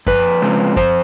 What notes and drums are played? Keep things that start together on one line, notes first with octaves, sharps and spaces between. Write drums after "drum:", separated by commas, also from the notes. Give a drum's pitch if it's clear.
F2 B4, drum: kick F#2
C#3 F3 G#3 C4
F2 C5, drum: kick F#2